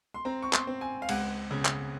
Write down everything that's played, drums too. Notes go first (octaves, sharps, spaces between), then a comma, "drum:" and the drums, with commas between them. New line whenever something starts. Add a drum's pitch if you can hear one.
C6
C4 A#5
C#6
C6, drum: clap
C4
G#5
F5
C#2 F#5, drum: cymbal
C#3
drum: clap